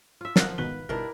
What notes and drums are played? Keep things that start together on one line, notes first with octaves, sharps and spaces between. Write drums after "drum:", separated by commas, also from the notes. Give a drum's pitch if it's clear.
F4 E5
F3 F4 A#4 D#5 F#5, drum: snare
G#1 B2 D#3 B4 G7
G1 B2 D#3 G3 D4 E4 A#4